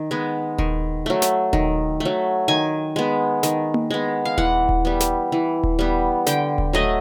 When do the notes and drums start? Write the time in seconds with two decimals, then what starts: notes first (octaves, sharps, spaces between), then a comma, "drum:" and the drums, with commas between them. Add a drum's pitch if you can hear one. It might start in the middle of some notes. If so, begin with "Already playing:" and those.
Already playing: D#3
0.11 G#3 B3
0.58 D#3, drum: kick D#1
1.06 F#3 A3
1.22 drum: snare
1.53 D#3, drum: kick D#1
2.00 A3
2.05 F#3
2.48 D#3 G#5
2.96 G#3 B3
3.43 D#3, drum: snare
3.74 drum: tom A#3
3.91 G#3 B3
4.25 F5
4.38 E3 F#5, drum: kick D#1
4.69 drum: kick D#1
4.85 G3 B3
5.00 drum: snare
5.32 E3
5.63 drum: kick D#1
5.79 G3 B3
6.27 D3 G5, drum: snare
6.58 drum: kick D#1
6.73 F#3 A3 D#5